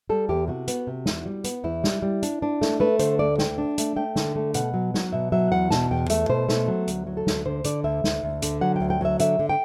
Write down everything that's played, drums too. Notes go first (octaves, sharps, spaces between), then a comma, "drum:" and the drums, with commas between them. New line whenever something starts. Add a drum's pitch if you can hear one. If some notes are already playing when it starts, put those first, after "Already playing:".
G3 A4
E2 G4
C3 F#4
B3, drum: hi-hat
C3
E2, drum: snare
G3
B3, drum: hi-hat
E2 E4
G3, drum: snare
G3
D4, drum: hi-hat
D4
A3, drum: snare
A3 B4
D3 C5, drum: hi-hat
D2 D5
A3 G5, drum: snare
D4
A3, drum: hi-hat
A3 G5
D3, drum: snare
A3
B2 F#5, drum: hi-hat
F#3
F#3, drum: snare
B2 E5
F#3 E5
E2 F#5
B2 A5, drum: snare
E2 G5
A3 E5, drum: hi-hat
B2 C5
A3, drum: snare
F#3
D2, drum: hi-hat
F#3
A4
D2, drum: snare
D3 C5
D3 D5, drum: hi-hat
D2 E5
D2, drum: snare
D2
D3, drum: hi-hat
F#3 F#5
D2 G5
G5
F#3 E5
D3 E5, drum: hi-hat
D3
G5